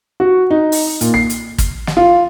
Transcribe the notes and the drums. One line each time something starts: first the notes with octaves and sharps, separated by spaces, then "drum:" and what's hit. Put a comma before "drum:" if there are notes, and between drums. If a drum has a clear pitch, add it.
F#4
D#4
drum: open hi-hat
A#2, drum: hi-hat
C7
drum: hi-hat
drum: kick, hi-hat
drum: snare
F4